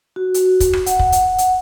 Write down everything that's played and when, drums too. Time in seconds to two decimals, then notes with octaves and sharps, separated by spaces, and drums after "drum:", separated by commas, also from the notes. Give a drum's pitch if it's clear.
0.16 F#4
0.34 drum: hi-hat
0.60 drum: kick, hi-hat
0.73 drum: rim click
0.86 F#5, drum: hi-hat
0.99 drum: kick
1.12 drum: hi-hat
1.38 drum: hi-hat